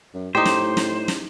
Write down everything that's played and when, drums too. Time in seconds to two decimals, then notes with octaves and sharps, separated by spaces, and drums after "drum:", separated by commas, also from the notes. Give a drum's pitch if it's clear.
0.14 F#2
0.35 A2 D#4 G4 C5
0.45 drum: snare
0.77 drum: snare
1.08 drum: snare